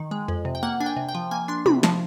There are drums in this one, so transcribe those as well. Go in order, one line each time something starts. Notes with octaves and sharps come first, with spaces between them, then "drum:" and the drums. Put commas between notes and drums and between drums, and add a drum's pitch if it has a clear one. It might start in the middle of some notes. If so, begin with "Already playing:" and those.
Already playing: D#3
G#3
F2
C3
G5
A#3 F#5
D4 G#5
G5
C3
G5
F3
A#3 G#5
D4 C6
C3 B5, drum: tom
F3 A5, drum: snare